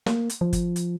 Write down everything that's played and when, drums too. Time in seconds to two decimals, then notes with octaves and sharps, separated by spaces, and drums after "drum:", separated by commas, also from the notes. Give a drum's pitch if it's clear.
0.06 A#3, drum: snare
0.30 drum: hi-hat
0.41 F3
0.53 drum: kick, hi-hat
0.76 drum: hi-hat